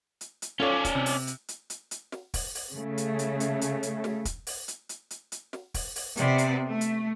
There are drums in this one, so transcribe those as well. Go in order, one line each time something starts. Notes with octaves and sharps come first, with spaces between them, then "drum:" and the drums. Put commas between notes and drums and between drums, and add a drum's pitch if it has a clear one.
drum: hi-hat
drum: hi-hat
C#4 F4 A4 C#5 D5
drum: kick, hi-hat
C3
drum: open hi-hat
drum: hi-hat
drum: hi-hat
drum: hi-hat
drum: hi-hat
drum: snare
drum: kick, open hi-hat
drum: open hi-hat
C#3 A3
drum: hi-hat
drum: hi-hat
drum: hi-hat
drum: hi-hat
drum: hi-hat
drum: snare
drum: kick, hi-hat
drum: open hi-hat
drum: hi-hat
drum: hi-hat
drum: hi-hat
drum: hi-hat
drum: snare
drum: kick, open hi-hat
drum: open hi-hat
C3 B3 D5, drum: hi-hat
drum: hi-hat
A3
drum: hi-hat